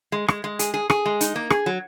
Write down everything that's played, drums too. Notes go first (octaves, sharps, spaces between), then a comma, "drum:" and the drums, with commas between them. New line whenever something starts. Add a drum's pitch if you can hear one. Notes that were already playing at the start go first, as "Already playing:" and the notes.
G#3
G#3, drum: rim click
G#3
G#4, drum: hi-hat
G#4
G#4, drum: rim click
G#3
D#4, drum: hi-hat
A#3
G#4, drum: rim click
F#3